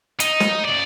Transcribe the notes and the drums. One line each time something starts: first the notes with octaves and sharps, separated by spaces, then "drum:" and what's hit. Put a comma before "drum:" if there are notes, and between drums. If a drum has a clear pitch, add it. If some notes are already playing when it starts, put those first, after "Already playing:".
D#4, drum: hi-hat
drum: snare
C#2 D5